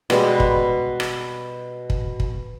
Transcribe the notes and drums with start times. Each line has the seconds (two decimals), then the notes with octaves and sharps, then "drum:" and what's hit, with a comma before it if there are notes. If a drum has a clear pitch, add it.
0.10 B2 G3 G#3, drum: rim click
0.40 drum: kick
1.00 drum: rim click
1.90 drum: kick
2.20 drum: kick